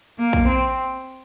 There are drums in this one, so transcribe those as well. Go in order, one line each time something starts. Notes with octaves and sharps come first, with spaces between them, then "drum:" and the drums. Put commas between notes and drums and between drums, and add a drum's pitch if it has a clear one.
A#3
drum: kick
C4